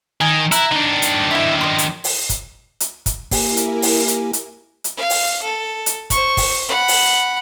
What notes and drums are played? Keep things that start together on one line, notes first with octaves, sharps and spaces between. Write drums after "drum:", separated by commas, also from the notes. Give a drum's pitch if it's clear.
D#3 G#5
E4 A#5 F#6, drum: hi-hat
D#3 D4
drum: hi-hat
E4 E5
C5 D#5
drum: hi-hat
drum: open hi-hat
drum: kick, hi-hat
drum: hi-hat
drum: kick, hi-hat
A#3 E4 G4 A#4 G#5, drum: kick, open hi-hat
drum: hi-hat
drum: open hi-hat
drum: hi-hat
drum: hi-hat
drum: hi-hat
F5
drum: open hi-hat
A4
drum: hi-hat
C5 C#6, drum: kick, hi-hat
drum: kick, open hi-hat
F#5 B5
drum: open hi-hat